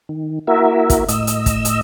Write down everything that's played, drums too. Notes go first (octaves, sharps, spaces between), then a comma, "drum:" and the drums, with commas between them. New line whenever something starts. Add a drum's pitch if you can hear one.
D#3
A#3 E4 F#4 A#4 E5
drum: kick, hi-hat
A2 D#5 E6, drum: hi-hat
drum: hi-hat
drum: kick, hi-hat
drum: hi-hat